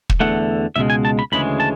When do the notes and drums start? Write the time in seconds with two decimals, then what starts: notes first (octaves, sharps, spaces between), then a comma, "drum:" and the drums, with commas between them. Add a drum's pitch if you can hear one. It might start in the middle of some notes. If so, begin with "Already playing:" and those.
0.09 drum: kick
0.20 E2 D3 A3 F#5
0.76 C#2 B2 G#3 E5
0.90 G#5
1.05 A5
1.19 B5
1.32 D2 C#3 E3 G#3 B5
1.60 A5